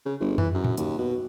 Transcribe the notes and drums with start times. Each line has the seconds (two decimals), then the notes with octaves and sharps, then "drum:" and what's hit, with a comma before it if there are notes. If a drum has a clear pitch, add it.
0.06 C#3
0.20 G1
0.38 E3, drum: tom F2
0.55 F#2
0.64 drum: tom A2
0.77 D#2, drum: hi-hat
0.99 B2